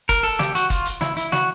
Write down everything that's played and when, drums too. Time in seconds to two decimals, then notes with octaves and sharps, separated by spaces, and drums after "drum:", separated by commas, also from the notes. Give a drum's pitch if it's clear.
0.09 A#4, drum: kick, hi-hat
0.23 A4, drum: open hi-hat
0.39 G4, drum: snare
0.55 F#4, drum: hi-hat
0.70 F4, drum: kick, hi-hat
0.86 drum: hi-hat
1.01 E4, drum: snare
1.17 E4, drum: hi-hat
1.32 F#4, drum: snare